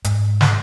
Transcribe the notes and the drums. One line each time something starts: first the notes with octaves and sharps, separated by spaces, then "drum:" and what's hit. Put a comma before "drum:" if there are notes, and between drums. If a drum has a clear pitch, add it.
G#2, drum: hi-hat
drum: snare